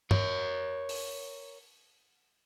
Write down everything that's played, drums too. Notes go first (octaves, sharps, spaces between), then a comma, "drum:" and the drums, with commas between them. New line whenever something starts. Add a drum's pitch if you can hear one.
A#4 C#5, drum: tom
drum: open hi-hat